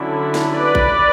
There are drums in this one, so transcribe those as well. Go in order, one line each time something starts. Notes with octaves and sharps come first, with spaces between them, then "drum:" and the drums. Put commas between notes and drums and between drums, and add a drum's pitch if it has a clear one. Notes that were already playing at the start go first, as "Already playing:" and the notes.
Already playing: D3 F#3 C#4 E4
drum: snare
B4 D5
drum: kick A1